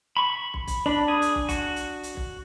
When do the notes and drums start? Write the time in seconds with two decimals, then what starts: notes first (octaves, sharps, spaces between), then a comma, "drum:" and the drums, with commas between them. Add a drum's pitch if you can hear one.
0.17 B5 C#6
0.54 drum: kick
0.67 drum: kick, hi-hat
0.86 D4 B5
1.08 G#4
1.22 drum: hi-hat
1.35 drum: kick
1.49 F#4, drum: kick, hi-hat
1.76 drum: hi-hat
2.03 drum: hi-hat
2.17 drum: kick